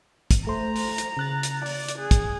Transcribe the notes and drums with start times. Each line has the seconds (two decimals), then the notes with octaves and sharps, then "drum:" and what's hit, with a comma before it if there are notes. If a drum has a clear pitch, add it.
0.31 drum: kick, hi-hat
0.47 A3 C5 A#5
0.76 drum: open hi-hat
0.98 drum: hi-hat
1.17 C#3 F#6 A6
1.43 drum: hi-hat
1.66 D5, drum: open hi-hat
1.88 drum: hi-hat
1.99 G#4
2.11 drum: kick, hi-hat